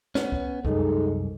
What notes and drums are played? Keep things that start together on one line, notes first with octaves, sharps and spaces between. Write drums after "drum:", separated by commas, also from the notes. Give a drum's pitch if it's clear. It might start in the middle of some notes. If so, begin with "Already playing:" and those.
B3 C#4, drum: snare
drum: kick
C2 F#2 G#3 D#4 A4, drum: kick